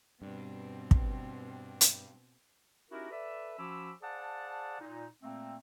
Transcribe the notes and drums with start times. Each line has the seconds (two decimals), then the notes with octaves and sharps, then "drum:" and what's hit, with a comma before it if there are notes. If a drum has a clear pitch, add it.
0.22 G2 B2 C4
0.91 drum: kick
1.81 drum: hi-hat
2.90 C#4 D#4 E4 F#4 G4 A#4
3.11 A4 B4 D5 E5
3.58 F3 C#4 F#4 B5 D6 E6
4.02 G#4 C5 D5 F5 F#5 A5
4.80 A#2 D#4
5.23 A#2 A3 A#3 C4